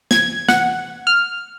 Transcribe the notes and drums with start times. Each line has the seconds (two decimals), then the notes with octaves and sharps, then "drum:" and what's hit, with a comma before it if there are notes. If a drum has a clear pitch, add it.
0.11 G#6, drum: snare
0.48 F#5, drum: snare
1.07 F6